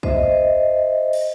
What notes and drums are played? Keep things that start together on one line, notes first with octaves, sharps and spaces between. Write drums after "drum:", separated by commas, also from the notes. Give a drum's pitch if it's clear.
C5 D#5 E5, drum: kick
drum: cymbal